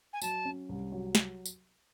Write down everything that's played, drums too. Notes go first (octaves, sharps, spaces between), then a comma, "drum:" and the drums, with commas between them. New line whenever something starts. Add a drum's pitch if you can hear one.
G#5
F#3 A5, drum: tambourine
C#4
C2
F#3
drum: snare
drum: tambourine